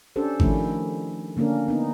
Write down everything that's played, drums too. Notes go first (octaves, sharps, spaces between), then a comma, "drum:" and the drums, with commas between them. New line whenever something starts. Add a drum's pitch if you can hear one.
C#4 D4 G4 A4 C5
D#3 F3 A3 C#4 D4 E4, drum: kick G#1
D3 A#3 C#4 D4 A#4
B3 D#4